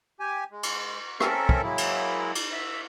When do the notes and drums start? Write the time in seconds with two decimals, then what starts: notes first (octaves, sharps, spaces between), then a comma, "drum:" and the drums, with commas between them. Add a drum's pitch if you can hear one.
0.20 G4 G#5
0.51 G#3
0.63 drum: cymbal
1.20 C4 C#4 A4 A#4 E5, drum: rim click
1.49 drum: kick
1.63 F#3 G#3 A#3 E4
1.78 drum: cymbal
2.35 drum: cymbal
2.52 E5